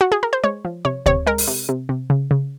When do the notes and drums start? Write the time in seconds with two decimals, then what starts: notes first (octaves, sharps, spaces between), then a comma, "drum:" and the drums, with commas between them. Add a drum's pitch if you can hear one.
0.01 F#4
0.12 G#4
0.23 A#4
0.33 C5
0.44 G#3 C#5
0.65 F3
0.85 C3 C#5
1.06 C3 C#5, drum: kick D2
1.26 G#3 A#4
1.38 drum: open hi-hat
1.48 C3
1.69 C3
1.89 C3
2.10 C#3
2.31 C#3